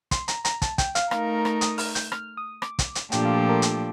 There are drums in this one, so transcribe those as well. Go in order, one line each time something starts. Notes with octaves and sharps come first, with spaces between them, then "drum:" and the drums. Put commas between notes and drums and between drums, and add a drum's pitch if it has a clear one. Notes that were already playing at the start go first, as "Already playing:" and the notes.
C6, drum: kick, hi-hat
A#5, drum: hi-hat
A#5, drum: hi-hat
A5, drum: kick, hi-hat
G5, drum: kick, hi-hat
F5, drum: hi-hat
A3 D#4 A#4 F5, drum: rim click
drum: rim click
D#6, drum: hi-hat
F6, drum: open hi-hat
G6, drum: hi-hat
F6, drum: rim click
D#6
D6, drum: rim click
drum: kick, hi-hat
drum: hi-hat
A#2 F3 A3 D4 G4 G5, drum: hi-hat
F5
A4
A#4
drum: hi-hat